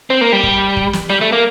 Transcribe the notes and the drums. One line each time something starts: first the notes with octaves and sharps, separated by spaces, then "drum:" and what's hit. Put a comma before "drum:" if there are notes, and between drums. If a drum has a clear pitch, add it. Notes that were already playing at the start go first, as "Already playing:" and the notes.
C4
A#3
G3
drum: kick
drum: kick
drum: snare
G3
A3
A#3